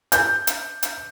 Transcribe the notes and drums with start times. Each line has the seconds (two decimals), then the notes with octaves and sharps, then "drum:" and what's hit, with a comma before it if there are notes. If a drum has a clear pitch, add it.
0.12 G6, drum: hi-hat
0.47 drum: hi-hat
0.83 drum: hi-hat